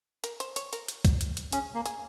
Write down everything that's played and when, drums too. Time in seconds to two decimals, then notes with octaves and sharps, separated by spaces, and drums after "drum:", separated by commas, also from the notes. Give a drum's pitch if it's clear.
0.24 A#4, drum: hi-hat
0.40 C5, drum: hi-hat
0.56 C#5, drum: hi-hat
0.73 A#4, drum: hi-hat
0.88 drum: hi-hat
1.05 drum: kick C#2, hi-hat
1.21 drum: hi-hat
1.37 drum: hi-hat
1.52 C#4 G#4, drum: hi-hat
1.75 A#3
1.86 G#4, drum: hi-hat